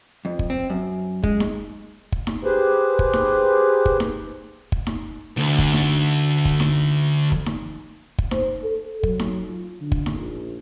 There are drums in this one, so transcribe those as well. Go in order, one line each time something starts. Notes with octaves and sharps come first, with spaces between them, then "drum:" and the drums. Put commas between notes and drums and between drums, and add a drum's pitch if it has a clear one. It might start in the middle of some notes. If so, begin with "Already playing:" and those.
F2
drum: kick
C4
F#2
G#3, drum: kick
drum: snare D#4
drum: kick
drum: snare D#4
G4 G#4 B4 C5
drum: kick
drum: snare D#4
drum: kick
drum: snare D#4
drum: kick
drum: snare D#4
D2 D3
drum: kick
drum: snare D#4
drum: kick
drum: snare D#4
drum: kick
drum: snare D#4
drum: kick
C5, drum: snare D#4
A4
F#3, drum: kick
drum: snare D#4
F4
D3
drum: kick
drum: snare D#4
A#1